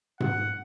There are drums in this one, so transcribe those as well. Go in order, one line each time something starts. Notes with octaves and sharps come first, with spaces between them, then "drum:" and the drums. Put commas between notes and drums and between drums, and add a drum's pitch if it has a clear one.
F#5, drum: tom G#2